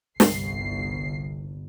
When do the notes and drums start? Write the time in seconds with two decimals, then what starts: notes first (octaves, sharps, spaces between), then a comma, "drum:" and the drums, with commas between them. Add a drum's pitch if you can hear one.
0.20 G1 C2 C7, drum: snare